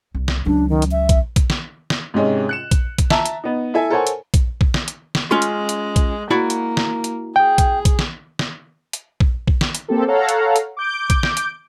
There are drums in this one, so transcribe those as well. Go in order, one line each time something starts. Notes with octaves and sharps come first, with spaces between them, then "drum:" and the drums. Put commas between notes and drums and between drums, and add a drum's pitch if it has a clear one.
C2
drum: snare
C#2 F#3 D4
D#3
drum: hi-hat
E5
drum: kick A#1, hi-hat
drum: kick A#1, hi-hat
drum: snare
drum: snare
G#2 C3 G#3 C#4
F#6 C#7 E7
drum: kick A#1, hi-hat
drum: kick A#1, hi-hat
E5 A5 A#5, drum: snare
drum: hi-hat
B3 D#4
E4 A4 E5 G#5
A4 A#4 C5 C#5 F#5 G#5
drum: hi-hat
drum: kick A#1, hi-hat
drum: kick A#1
drum: snare
drum: hi-hat
drum: snare
G#3 C#4 F4 C6
drum: hi-hat
drum: hi-hat
drum: kick A#1, hi-hat
A#3 E4 F#4 D5
drum: hi-hat
drum: snare
drum: hi-hat
G#4 G5
drum: kick A#1, hi-hat
drum: kick A#1, hi-hat
drum: snare
drum: snare
drum: hi-hat
drum: kick A#1
drum: kick A#1
drum: snare
drum: hi-hat
A#3 C4 G4 A4
A4 C#5 F5 F#5 A#5
drum: hi-hat
drum: hi-hat
D6 G6 D7
drum: kick A#1, hi-hat
drum: snare
drum: hi-hat